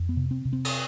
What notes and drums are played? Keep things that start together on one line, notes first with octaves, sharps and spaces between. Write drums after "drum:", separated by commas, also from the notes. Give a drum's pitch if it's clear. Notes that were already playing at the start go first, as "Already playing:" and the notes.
Already playing: F2
B3
C3
C4
C3
C4
drum: cymbal